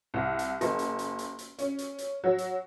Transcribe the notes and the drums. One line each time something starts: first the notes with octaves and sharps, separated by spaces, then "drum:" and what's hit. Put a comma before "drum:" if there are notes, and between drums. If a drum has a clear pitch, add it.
C2
drum: hi-hat
F#1, drum: hi-hat
drum: hi-hat
drum: hi-hat
drum: hi-hat
drum: hi-hat
C#4, drum: hi-hat
drum: hi-hat
drum: hi-hat
F#3
drum: hi-hat